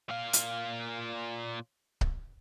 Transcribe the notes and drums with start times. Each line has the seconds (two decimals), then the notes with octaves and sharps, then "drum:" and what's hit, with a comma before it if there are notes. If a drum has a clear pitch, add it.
0.09 A#2 F5
0.33 drum: hi-hat
2.01 drum: kick C#1